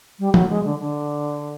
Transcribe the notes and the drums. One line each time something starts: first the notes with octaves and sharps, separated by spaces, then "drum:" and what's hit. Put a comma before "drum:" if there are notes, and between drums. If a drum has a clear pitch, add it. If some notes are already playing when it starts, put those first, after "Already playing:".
G3
F#3, drum: tom
G#3
D3
D3